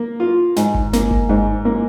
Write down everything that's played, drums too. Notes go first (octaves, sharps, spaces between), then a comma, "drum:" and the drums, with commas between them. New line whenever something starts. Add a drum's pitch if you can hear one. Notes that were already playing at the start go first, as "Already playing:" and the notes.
Already playing: A#3
F4
G#2, drum: snare
drum: kick G1
A#3, drum: snare
drum: kick G1
G#2
A#3